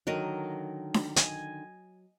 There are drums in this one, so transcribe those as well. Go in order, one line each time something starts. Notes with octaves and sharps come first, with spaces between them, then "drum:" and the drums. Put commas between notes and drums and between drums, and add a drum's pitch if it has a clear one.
D3 D#3 F#3 A#4 D#5
drum: snare D4
D#5 G#5, drum: hi-hat